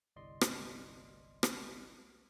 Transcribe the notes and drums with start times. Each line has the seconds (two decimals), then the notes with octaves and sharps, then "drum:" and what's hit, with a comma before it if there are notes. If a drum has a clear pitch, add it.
0.16 G1 C2 D5 D#5 C6
0.41 drum: rim click
1.43 drum: rim click